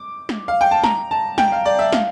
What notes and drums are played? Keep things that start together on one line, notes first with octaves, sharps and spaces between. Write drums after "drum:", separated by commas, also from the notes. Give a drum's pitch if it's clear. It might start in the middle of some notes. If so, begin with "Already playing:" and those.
Already playing: D6
drum: snare
F5
G5
A5
A#5, drum: snare
A5
G5, drum: snare
F5
D5
E5
F5, drum: snare